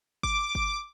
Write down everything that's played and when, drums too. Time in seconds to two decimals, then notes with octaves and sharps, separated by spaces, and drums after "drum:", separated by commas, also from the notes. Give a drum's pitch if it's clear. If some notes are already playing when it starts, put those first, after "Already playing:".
0.23 D6, drum: kick G1
0.55 drum: kick G1